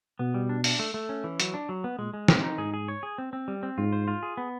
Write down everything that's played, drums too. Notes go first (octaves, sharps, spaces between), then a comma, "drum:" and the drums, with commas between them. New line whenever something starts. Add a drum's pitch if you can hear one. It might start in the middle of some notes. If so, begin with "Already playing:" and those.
B2 B3
G3
D4
D4, drum: open hi-hat
A3
A3
C#4
E3
F#3, drum: hi-hat
D4
F#3
B3
A#2 G#3
G#3
A2 C4, drum: snare
D#4
G#2 G#4
G#4
C#5
G#4
C4
C4
G3
C4
G#2 F4
C5
F4
G#4
B3